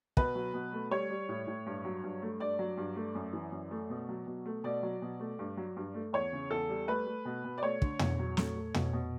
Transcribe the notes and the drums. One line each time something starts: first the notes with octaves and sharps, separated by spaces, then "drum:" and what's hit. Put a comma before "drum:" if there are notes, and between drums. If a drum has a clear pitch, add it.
B2 B4, drum: kick
F#3
B2
A3
G3 C#5
G3
A2
A2
G2
F#3
G2
A3
G2 D5
F#3
G2
A3
F#2
E3
F#2
A3
B2
F#3
B2
A3
B2 D5
F#3
B2
A3
G2
F#3
G2
A3
E2 C#5
C#3
E2 A4
G3
A3 B4
A3
B2
B2
D5
A3 C#5
D3, drum: kick
E2, drum: tom
F#3
A3, drum: snare
A3
B2, drum: tom
B2